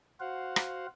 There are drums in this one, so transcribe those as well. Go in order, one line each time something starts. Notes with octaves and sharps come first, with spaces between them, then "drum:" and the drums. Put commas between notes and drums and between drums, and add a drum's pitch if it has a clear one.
F#4 C5 F5 F#5
drum: rim click